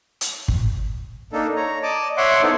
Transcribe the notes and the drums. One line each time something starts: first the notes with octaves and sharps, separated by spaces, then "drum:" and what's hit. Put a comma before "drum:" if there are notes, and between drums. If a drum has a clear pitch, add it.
drum: hi-hat
drum: kick G1
A#3 D4 D#4 A4
C#5 A#5
D5 D#5 A5 D6
C#5 E5 F#5 C6 D6
B3 D#4 E4 A4 C5